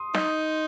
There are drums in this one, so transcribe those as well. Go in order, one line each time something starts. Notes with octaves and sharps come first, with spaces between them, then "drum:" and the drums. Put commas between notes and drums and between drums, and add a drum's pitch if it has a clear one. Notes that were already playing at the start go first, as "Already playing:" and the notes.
Already playing: C6 D#6
D#4, drum: snare